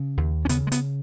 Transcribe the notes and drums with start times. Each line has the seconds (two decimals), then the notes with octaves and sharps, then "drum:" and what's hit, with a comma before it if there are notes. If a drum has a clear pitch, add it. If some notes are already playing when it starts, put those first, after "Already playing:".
Already playing: C#3
0.17 D#2
0.45 C#4
0.49 C#3 B3, drum: hi-hat
0.67 G#3
0.72 B3, drum: hi-hat